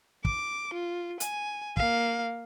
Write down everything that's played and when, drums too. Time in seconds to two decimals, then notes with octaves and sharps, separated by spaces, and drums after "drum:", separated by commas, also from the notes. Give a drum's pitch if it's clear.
0.25 D6, drum: kick
0.73 F4
1.20 G#5, drum: hi-hat
1.77 A#3 F5, drum: kick